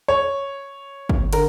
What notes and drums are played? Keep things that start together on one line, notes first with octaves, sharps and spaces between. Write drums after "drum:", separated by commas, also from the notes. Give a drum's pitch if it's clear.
C#5
drum: kick
D3 A#4, drum: cymbal